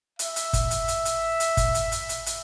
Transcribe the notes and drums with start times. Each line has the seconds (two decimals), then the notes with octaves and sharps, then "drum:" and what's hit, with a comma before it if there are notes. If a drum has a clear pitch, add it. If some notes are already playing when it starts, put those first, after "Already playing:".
0.19 E5, drum: hi-hat
0.36 drum: hi-hat
0.53 drum: kick, hi-hat
0.71 drum: hi-hat
0.88 drum: hi-hat
1.05 drum: hi-hat
1.40 drum: hi-hat
1.57 drum: kick, hi-hat
1.74 drum: hi-hat
1.92 drum: hi-hat
2.09 drum: hi-hat
2.26 drum: hi-hat